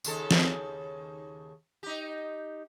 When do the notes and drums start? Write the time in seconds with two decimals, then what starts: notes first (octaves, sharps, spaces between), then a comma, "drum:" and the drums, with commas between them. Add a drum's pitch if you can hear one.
0.04 D#2 C#3 A4, drum: tambourine
0.31 drum: snare
1.83 D#4 G4